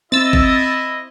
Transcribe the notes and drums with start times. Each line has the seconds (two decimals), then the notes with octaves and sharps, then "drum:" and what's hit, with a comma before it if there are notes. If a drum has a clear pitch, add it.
0.12 C4 E4 D#5 E6 A6
0.33 drum: kick